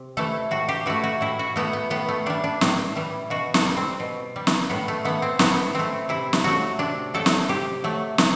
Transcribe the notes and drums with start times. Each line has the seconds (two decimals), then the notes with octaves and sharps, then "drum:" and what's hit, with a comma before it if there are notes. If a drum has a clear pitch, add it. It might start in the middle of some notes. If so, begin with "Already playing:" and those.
Already playing: C3
0.17 E3 A3 A4
0.51 A2 F#4
0.69 G4
0.86 E3 A3 F#4
1.04 F#4
1.21 A2 E4
1.39 F#4
1.56 E3 A3 B3
1.73 B3
1.90 A2 B3
2.09 A3
2.26 E3 G3 D4
2.44 D4
2.61 A2, drum: snare
2.96 E3 G3
3.30 B2 F#4
3.54 A4, drum: snare
3.65 G3
3.77 C4
4.00 B2
4.36 G3
4.47 drum: snare
4.69 A2 B3
4.88 A3
5.05 E3 A3 B3
5.22 C4
5.39 A2 B3, drum: snare
5.75 E3 A3 C4
6.09 C3 E4
6.33 drum: snare
6.44 F#3 A3 F#4
6.79 C3 D4
7.14 F#3 A3 A4
7.26 drum: snare
7.48 C3 G4
7.84 F#3 A3
8.18 C3, drum: snare